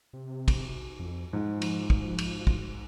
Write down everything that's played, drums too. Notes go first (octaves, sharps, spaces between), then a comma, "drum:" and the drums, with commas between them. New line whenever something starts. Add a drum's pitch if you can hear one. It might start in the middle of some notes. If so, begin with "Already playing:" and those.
C3
drum: kick, cymbal
F2
G#2 F3
drum: cymbal
drum: kick
drum: cymbal
drum: kick